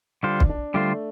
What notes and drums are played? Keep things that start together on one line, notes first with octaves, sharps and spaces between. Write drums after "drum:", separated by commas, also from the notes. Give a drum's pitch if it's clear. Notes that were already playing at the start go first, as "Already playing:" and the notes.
D3 G3 D4 F4 C5
drum: kick
D4
D3 G3 A3 F4 C5